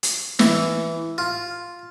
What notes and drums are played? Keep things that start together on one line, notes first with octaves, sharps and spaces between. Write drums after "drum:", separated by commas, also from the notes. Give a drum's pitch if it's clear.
drum: hi-hat
E3, drum: snare
F4